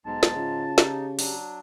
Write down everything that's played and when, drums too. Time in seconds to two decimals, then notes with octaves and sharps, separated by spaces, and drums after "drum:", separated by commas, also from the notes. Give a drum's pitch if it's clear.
0.06 B1 G#2 G#3 A5
0.23 drum: snare
0.36 C#3 F4
0.78 D#4 G4, drum: snare
1.19 F#3 D4, drum: open hi-hat